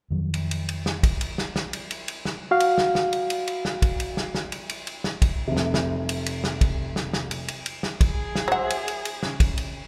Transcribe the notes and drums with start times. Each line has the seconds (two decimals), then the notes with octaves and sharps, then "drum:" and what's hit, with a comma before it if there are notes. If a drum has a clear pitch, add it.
0.11 F2 D#3 F#3
0.34 drum: cymbal
0.51 drum: cymbal
0.69 drum: cymbal
0.86 drum: snare
1.03 drum: kick, cymbal
1.21 drum: cymbal
1.38 drum: snare
1.56 drum: snare
1.73 drum: cymbal
1.91 drum: cymbal
2.08 drum: cymbal
2.25 drum: snare
2.51 F#4 F5
2.60 drum: cymbal
2.78 drum: snare
2.95 drum: snare
3.13 drum: cymbal
3.30 drum: cymbal
3.47 drum: cymbal
3.65 drum: snare
3.82 drum: kick, cymbal
4.00 drum: cymbal
4.17 drum: snare
4.35 drum: snare
4.52 drum: cymbal
4.69 drum: cymbal
4.87 drum: cymbal
5.04 drum: snare
5.22 drum: kick, cymbal
5.47 F1 C3
5.57 drum: snare
5.74 drum: snare
6.09 drum: cymbal
6.26 drum: cymbal
6.44 drum: snare
6.61 drum: kick, cymbal
6.96 drum: snare
7.13 drum: snare
7.31 drum: cymbal
7.48 drum: cymbal
7.66 drum: cymbal
7.83 drum: snare
8.01 drum: kick, cymbal
8.12 G#4
8.35 drum: snare
8.48 F#3 C5 E5 F#5
8.70 drum: cymbal
8.88 drum: cymbal
9.05 drum: cymbal
9.23 C#3, drum: snare
9.40 drum: kick, cymbal
9.58 drum: cymbal